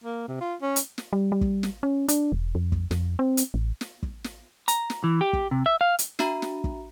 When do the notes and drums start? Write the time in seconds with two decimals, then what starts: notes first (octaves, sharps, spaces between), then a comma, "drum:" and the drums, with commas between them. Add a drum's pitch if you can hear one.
0.04 A#3
0.28 C3
0.41 F4
0.62 C#4
0.76 drum: hi-hat
0.98 drum: snare
1.13 G3
1.32 G3
1.41 drum: kick
1.63 drum: snare
1.83 C#4
2.08 D4, drum: hi-hat
2.32 E1
2.55 F2
2.72 drum: kick
2.91 F2, drum: snare
3.19 C4
3.37 drum: hi-hat
3.54 A1
3.81 drum: snare
4.03 drum: kick
4.24 drum: snare
4.68 A#5, drum: hi-hat
4.90 drum: snare
5.04 E3
5.21 G4
5.33 drum: kick
5.51 C3
5.66 E5
5.81 F5
5.99 drum: hi-hat
6.19 D4 F#4 E5 A#5, drum: snare
6.42 drum: snare
6.64 drum: kick